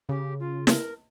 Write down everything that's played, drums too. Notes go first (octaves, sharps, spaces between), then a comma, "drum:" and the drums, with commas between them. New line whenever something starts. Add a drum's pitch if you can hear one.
C#3 G4
F4
A#4, drum: snare